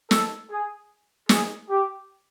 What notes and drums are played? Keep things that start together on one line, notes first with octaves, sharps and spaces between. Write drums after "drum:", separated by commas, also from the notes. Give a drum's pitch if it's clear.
A4, drum: snare
G#4
G#4, drum: snare
G4